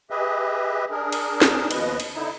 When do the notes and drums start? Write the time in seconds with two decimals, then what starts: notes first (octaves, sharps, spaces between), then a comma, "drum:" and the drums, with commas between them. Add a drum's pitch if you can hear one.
0.10 G4 G#4 B4 D#5 E5
0.91 D4 G#4 A#4
1.12 drum: cymbal
1.42 drum: snare
1.71 D#2 B2 F3 B4 D#5, drum: cymbal
2.00 drum: cymbal
2.15 D3 D#4 E4